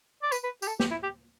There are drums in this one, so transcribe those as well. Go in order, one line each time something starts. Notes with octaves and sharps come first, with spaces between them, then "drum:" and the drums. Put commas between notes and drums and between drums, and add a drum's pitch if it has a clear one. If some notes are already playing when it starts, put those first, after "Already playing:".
D5
B4, drum: tambourine
B4
G4, drum: tambourine
A4
G4, drum: snare
E4
G4